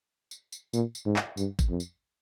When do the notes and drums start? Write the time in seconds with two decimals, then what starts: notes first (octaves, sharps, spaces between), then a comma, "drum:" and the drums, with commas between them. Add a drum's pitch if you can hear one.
0.31 drum: tambourine
0.52 drum: tambourine
0.73 A#2, drum: tambourine
0.95 drum: tambourine
1.06 G#2
1.16 drum: clap
1.37 G2, drum: tambourine
1.59 drum: kick G#1, tambourine
1.69 F2
1.80 drum: tambourine